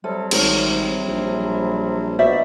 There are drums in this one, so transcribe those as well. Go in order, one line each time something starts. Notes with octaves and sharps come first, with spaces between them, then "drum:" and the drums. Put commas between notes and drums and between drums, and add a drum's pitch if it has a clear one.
C3 F#3 G3 A4
G#1 G#4 A#4 C#5, drum: cymbal
A#1
B2 C5 D5 E5